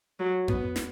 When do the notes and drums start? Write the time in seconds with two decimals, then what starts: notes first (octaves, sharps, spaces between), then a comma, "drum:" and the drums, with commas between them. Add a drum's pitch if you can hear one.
0.20 F#3
0.48 B3, drum: tom F2
0.76 drum: snare